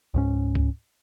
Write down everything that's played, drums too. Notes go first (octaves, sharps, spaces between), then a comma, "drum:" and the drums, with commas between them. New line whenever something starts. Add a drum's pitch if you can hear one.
C#2 G#2 C#4
drum: kick C#2